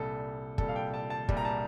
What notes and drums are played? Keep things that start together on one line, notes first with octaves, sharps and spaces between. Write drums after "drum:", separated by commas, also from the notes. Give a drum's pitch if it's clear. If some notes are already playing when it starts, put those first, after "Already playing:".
Already playing: C2 A#2 G3 A4
C2 A#2 G3 A4, drum: kick
F5
G5
A5
A5
C2 A#2 G3, drum: kick
A#5
A5